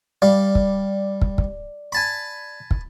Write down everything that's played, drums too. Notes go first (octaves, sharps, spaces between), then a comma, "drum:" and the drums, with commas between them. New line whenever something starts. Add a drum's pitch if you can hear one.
G3 D5 F5
drum: kick
drum: kick
drum: kick
G#5 A5 B5
drum: kick